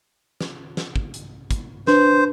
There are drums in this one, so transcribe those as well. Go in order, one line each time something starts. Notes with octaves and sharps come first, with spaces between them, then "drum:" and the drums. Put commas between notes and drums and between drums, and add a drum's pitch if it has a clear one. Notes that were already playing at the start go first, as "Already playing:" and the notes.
drum: snare
drum: snare
drum: kick
drum: hi-hat
drum: kick, hi-hat
D4 B4 C5, drum: snare